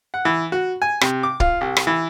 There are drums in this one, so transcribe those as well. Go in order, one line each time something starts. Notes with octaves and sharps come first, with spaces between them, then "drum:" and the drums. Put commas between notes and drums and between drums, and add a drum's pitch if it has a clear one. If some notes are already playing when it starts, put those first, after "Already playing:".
F#5
E3
F#4
G#5
C3, drum: rim click
D6
F4, drum: kick
C2
drum: rim click
E3